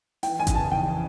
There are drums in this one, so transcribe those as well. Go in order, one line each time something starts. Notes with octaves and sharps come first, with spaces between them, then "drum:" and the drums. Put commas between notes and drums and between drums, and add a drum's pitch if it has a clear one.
E3 G5, drum: open hi-hat
G#5
C#3, drum: kick G#1, hi-hat
A5
F2 G5